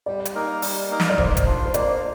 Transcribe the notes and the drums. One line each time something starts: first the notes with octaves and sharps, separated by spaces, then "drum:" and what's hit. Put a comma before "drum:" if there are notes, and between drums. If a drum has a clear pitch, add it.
G3 D5
drum: hi-hat
A#3 D#4 A#4
G3, drum: open hi-hat
A#3 D#4 A#4
drum: snare
D5
A#3 C5, drum: kick
drum: kick, hi-hat
D4 F4
C5
A#3 D5, drum: hi-hat